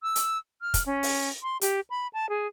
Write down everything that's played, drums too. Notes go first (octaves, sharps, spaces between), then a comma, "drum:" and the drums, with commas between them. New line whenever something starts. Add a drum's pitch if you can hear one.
E6
drum: hi-hat
F6
drum: kick, hi-hat
C#4
drum: open hi-hat
C6
G4, drum: hi-hat
B5
A5
G#4